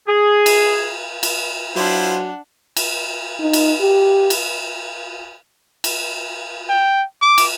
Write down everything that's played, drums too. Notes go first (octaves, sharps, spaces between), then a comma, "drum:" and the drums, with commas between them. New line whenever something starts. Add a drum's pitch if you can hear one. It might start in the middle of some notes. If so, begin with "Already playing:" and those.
G#4
drum: cymbal
drum: cymbal
F#3 D4 E4 F4 C5 F#5
drum: cymbal
D#4
drum: cymbal
G4
drum: cymbal
drum: cymbal
G5
D6
drum: cymbal